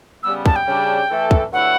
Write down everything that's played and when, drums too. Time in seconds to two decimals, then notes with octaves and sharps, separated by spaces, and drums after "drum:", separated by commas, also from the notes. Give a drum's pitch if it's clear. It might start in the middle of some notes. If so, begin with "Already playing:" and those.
0.23 C#3 G3 B3 E6
0.46 A5, drum: kick
0.56 G5
0.67 C#3 G3 D4
1.09 E3 A3 E4 A4
1.31 drum: kick
1.52 G2 D3 F#3 A3 E4 F#5